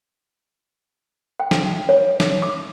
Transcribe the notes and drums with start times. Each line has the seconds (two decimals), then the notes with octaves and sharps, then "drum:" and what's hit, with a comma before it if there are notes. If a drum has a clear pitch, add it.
1.40 G5
1.51 drum: snare
1.89 C#5
2.20 drum: snare
2.42 D6